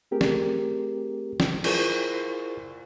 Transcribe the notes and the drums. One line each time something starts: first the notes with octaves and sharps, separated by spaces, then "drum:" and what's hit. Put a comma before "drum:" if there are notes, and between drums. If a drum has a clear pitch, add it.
A3 C4 G4 G#4 A#4
drum: snare
drum: snare
E4 F4 G#4 A#4 C5 C#6, drum: cymbal